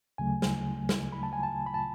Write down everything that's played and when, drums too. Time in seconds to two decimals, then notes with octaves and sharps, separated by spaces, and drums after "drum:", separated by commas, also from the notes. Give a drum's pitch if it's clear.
0.18 D2 C#3 F#3 A3 G#5
0.42 drum: snare
0.89 drum: snare
1.12 B5
1.23 A5
1.33 G#5
1.43 A5
1.66 B5
1.74 A5